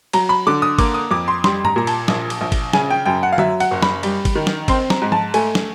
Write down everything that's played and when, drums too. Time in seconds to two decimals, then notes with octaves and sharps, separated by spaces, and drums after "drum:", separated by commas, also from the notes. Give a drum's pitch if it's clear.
0.13 F#3 A#5, drum: cymbal
0.29 B5
0.47 D3 D6
0.62 D#6
0.79 A#3 D6, drum: kick G1, cymbal
0.94 D#6
1.11 F2 D6
1.28 C6
1.44 G3 C6, drum: snare
1.65 A#5, drum: tom G2
1.76 A#2 A#5
1.87 A5, drum: cymbal
2.08 A#1, drum: snare
2.30 drum: cymbal
2.41 A#1
2.52 drum: kick G1, cymbal
2.73 C#3 G#5, drum: snare
2.90 G5
3.05 F#2 G5
3.23 F#5
3.33 F5
3.38 F#3 E5, drum: tom
3.60 F#5, drum: cymbal
3.71 F#1
3.83 B5, drum: snare
4.03 G3, drum: cymbal
4.25 drum: kick G1, cymbal
4.35 D#3
4.47 drum: snare
4.68 C4 C6, drum: kick G1, cymbal
4.90 A#5, drum: snare
5.02 G#2
5.12 A5, drum: tom
5.34 A3 G#5, drum: cymbal
5.55 drum: snare